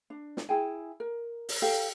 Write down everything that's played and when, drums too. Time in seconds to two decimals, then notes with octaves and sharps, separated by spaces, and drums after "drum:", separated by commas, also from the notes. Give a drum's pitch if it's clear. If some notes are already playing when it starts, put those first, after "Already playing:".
0.10 D4
0.37 drum: snare
0.49 E4 G#4 G5 G#5
1.00 A#4
1.49 drum: open hi-hat
1.62 G4 A4 F5